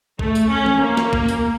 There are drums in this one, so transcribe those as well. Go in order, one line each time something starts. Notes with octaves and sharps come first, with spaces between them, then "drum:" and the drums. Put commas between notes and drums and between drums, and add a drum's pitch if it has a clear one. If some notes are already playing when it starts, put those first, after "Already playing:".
A3, drum: kick
drum: tambourine
C#4
drum: tom E3
A#3
drum: snare
drum: kick
drum: tambourine